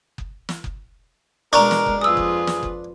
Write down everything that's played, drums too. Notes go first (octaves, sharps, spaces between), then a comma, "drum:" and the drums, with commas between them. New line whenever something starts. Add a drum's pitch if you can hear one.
drum: kick F#1
drum: snare
drum: kick F#1
B2 G#3 D4 A#4 A#5 C#6
drum: snare
drum: kick F#1
F2 F4 G#4 B4 D#6 E6
drum: kick F#1
drum: snare
drum: kick F#1